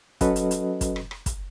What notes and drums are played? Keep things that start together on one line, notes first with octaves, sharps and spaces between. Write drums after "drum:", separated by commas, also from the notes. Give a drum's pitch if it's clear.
F#3 C#4 F#4 A4 B4 D#5, drum: kick, hi-hat
drum: hi-hat
drum: hi-hat
drum: kick, hi-hat
drum: rim click
drum: rim click
drum: kick, hi-hat